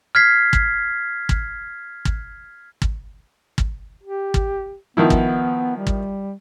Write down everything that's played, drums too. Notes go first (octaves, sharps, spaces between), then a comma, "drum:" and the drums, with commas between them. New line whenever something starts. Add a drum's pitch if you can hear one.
F6 G#6 B6 C7
drum: kick
drum: kick
drum: kick
drum: kick
drum: kick
G4
drum: kick
D#3 F3 B3 E4
drum: kick
G3
drum: kick